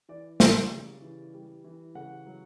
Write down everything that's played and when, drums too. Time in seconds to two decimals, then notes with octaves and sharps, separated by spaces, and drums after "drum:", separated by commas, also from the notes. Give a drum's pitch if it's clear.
0.09 E3 D5
0.40 G3, drum: snare
0.71 C#3
1.02 E3
1.34 G3
1.64 E3
1.95 C#3 F#5
2.26 F#3